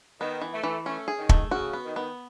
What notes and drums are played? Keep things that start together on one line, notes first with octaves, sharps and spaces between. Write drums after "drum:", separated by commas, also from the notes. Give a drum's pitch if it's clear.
D#3 B3
E3
A3
E3
A3 C#4
G#4
D#3
A3, drum: kick
C#3 F#4
B3
D#3
B3